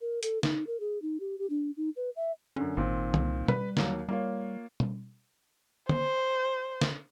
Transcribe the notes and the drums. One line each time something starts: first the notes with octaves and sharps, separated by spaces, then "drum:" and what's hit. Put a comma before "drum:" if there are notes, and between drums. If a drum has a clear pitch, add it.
A#4
A4, drum: hi-hat
D#4, drum: snare
A#4
G#4
D#4
G4
G4
D4
D#4
B4
E5
F#2 D3 C#4
G#1 A#2 D#3 C4
C2, drum: tom
G3 B4, drum: tom B2
D#2 F#3 A#3, drum: snare
G3 A#3 F4 C#5
drum: tom B2
C5, drum: tom
drum: snare